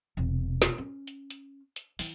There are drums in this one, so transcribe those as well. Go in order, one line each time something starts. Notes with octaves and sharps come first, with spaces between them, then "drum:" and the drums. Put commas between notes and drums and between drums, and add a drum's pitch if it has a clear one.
E1 C3
drum: snare
C#4
drum: hi-hat
drum: hi-hat
drum: hi-hat
E3, drum: open hi-hat